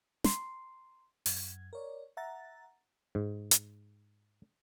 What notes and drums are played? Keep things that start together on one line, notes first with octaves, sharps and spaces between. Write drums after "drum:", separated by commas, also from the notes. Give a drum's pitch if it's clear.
A#5 C6 C7, drum: snare
F#2 G#6, drum: open hi-hat
A#4 C#5 D5
E5 F#5 A#5 A6
G#2
drum: hi-hat